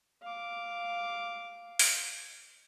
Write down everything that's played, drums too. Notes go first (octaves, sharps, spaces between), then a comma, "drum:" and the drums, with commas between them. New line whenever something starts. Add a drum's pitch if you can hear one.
F5 D6
drum: open hi-hat